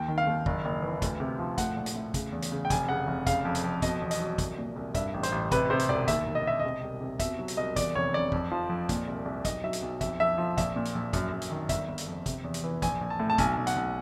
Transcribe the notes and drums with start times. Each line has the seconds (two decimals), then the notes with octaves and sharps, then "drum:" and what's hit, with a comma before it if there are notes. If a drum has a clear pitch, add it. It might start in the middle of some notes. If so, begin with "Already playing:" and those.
Already playing: D#2 G5
0.08 D#3
0.18 F5
0.27 D#2
0.46 F#1, drum: kick
0.65 F#1
0.82 E3
1.02 D2, drum: kick, hi-hat
1.20 C3
1.39 F3
1.58 A2 F#5, drum: kick, hi-hat
1.76 A#1
1.86 drum: hi-hat
1.96 A2
2.14 C#3, drum: kick, hi-hat
2.32 E2
2.42 drum: hi-hat
2.52 C#3
2.65 G5
2.70 F1 G#5, drum: kick, hi-hat
2.89 C#3 F#5
3.07 F1
3.27 C#3 F5, drum: kick, hi-hat
3.45 F2
3.55 drum: hi-hat
3.64 F2
3.82 B2 D#5, drum: kick, hi-hat
4.02 E2
4.11 D#5, drum: hi-hat
4.20 F#3
4.38 C2, drum: kick, hi-hat
4.58 A#2
4.76 C2
4.95 G2 E5, drum: kick, hi-hat
5.14 A1
5.23 C5, drum: hi-hat
5.32 A1
5.51 C3 B4, drum: kick, hi-hat
5.70 C3 C5
5.79 drum: hi-hat
5.89 E1 D5
6.08 D#2 E5, drum: kick, hi-hat
6.27 E1
6.35 D#5
6.44 E1 E5
6.60 C3 D#5
6.83 C2
7.01 C3
7.20 B2 E5, drum: kick, hi-hat
7.39 F#3
7.48 drum: hi-hat
7.57 C2 D#5
7.76 E2 D5, drum: kick, hi-hat
7.95 F1 C#5
8.14 F1 D5
8.32 F2, drum: kick
8.51 F3
8.69 F2
8.89 A#2, drum: kick, hi-hat
9.07 C2
9.25 C2
9.45 B1 D#5, drum: kick, hi-hat
9.64 F#3 E5
9.73 drum: hi-hat
9.82 B1
10.01 F2 E5, drum: kick, hi-hat
10.20 F2 E5
10.38 F3
10.58 A#1 E5, drum: kick, hi-hat
10.76 A#2
10.85 drum: hi-hat
10.95 A#1
11.13 F#2, drum: kick, hi-hat
11.32 F#2
11.42 drum: hi-hat
11.51 D#3
11.69 G1 E5, drum: kick, hi-hat
11.88 G1
11.98 drum: hi-hat
12.07 F2
12.26 C3, drum: kick, hi-hat
12.44 E2
12.54 drum: hi-hat
12.64 E3
12.82 A#1 G#5, drum: kick, hi-hat
13.01 A#1
13.10 A5
13.20 A2
13.30 A5
13.38 B1 G#5, drum: kick, hi-hat
13.57 B1
13.67 F#5, drum: hi-hat
13.76 B1